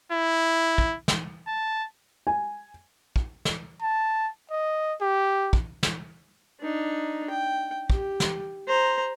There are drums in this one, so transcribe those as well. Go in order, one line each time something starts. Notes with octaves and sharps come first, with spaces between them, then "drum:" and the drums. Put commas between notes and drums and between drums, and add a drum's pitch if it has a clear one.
E4
drum: kick
drum: snare
A5
G#5
drum: kick
drum: snare
A5
D#5
G4
drum: kick
drum: snare
D4 D#4
G5
G4, drum: kick
drum: snare
C5 A#5